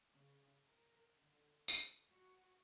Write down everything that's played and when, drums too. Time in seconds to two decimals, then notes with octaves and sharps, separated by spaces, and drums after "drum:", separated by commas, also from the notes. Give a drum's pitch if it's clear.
0.12 C#3
0.66 A#4
1.19 D3
1.68 drum: tambourine
2.09 F#4